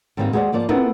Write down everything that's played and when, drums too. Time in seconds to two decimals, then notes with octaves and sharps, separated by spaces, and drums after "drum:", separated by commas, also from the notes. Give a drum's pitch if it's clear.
0.17 G#2 D#3 G3 A#3 C4 D#4
0.33 D#2 G#3 F#4 A4 C5 D5
0.52 G#2 F3 A#3 D5
0.69 B3 C4 E4 F4 A4 A#4, drum: tom